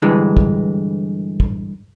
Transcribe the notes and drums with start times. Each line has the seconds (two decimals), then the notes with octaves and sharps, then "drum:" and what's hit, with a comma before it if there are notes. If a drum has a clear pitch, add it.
0.02 G2 D3 E3 G#3
0.37 drum: kick
1.40 drum: kick